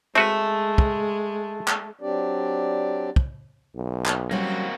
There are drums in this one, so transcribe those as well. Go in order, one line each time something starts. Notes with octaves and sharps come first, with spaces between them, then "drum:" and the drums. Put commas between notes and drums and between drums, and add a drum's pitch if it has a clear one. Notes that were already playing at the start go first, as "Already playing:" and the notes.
G#3 A3 C4 F#4 B4
drum: kick
drum: clap
F#3 C4 D4 G4 D5
drum: kick
B1
drum: clap
F#3 G3 A#3 C4 C#4 F#4